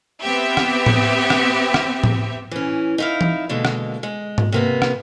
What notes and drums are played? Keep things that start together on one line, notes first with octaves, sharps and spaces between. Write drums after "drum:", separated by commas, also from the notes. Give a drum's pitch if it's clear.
B3 C4 G4 E5
drum: rim click
drum: tom A2
drum: rim click
drum: rim click
drum: tom A2
E3 C#4
D#4 E4 F5
drum: tom E3
B2 D3 G#3 A#3
drum: rim click
G#3
drum: tom G#2
C3 A#3 B3
drum: rim click